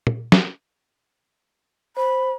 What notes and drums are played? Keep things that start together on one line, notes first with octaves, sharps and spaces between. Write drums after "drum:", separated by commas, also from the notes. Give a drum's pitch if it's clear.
drum: tom
drum: snare
C5 B5